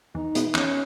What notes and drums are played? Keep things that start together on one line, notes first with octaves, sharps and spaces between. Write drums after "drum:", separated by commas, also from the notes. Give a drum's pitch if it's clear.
E2 D#4
B2 G#3 B3 E4, drum: hi-hat
E2 C#4, drum: clap